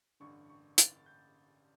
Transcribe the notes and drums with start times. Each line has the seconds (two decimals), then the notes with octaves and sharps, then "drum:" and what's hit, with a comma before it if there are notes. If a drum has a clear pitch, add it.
0.20 A1 G2 D3 C#6
0.49 C#6
0.78 A6, drum: hi-hat
1.06 G6